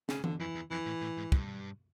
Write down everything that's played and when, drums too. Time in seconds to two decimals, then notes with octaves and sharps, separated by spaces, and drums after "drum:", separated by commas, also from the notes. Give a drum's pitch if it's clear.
0.09 C#3, drum: snare
0.24 D3, drum: tom E3
0.40 F2 E3
0.55 E2
0.71 F2 E3
0.86 A2
1.01 A2
1.17 G#2
1.32 G2, drum: kick